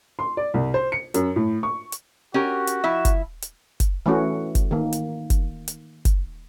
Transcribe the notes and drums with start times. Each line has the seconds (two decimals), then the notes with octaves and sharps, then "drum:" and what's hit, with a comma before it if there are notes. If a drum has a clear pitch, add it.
0.19 C6
0.37 D5
0.54 C2
0.74 C5
0.92 C#7
1.14 F#2, drum: hi-hat
1.36 A2
1.63 C#6
1.92 drum: hi-hat
2.34 C#4 F#4 G4 A#4
2.67 drum: hi-hat
2.84 F3 E4 E5
3.05 drum: kick F#1, hi-hat
3.42 drum: hi-hat
3.80 drum: kick F#1, hi-hat
4.06 E3 A3 C#4 F#4
4.55 drum: kick F#1, hi-hat
4.71 D#3 A#3
4.93 drum: hi-hat
5.30 drum: kick F#1, hi-hat
5.68 drum: hi-hat
6.05 drum: kick F#1, hi-hat